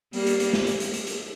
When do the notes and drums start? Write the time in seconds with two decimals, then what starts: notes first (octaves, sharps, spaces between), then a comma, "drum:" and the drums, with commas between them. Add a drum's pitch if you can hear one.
0.13 G3 A#3, drum: open hi-hat
0.27 drum: hi-hat
0.40 drum: hi-hat
0.53 drum: snare
0.67 drum: hi-hat
0.80 drum: hi-hat
0.94 drum: hi-hat
1.07 drum: hi-hat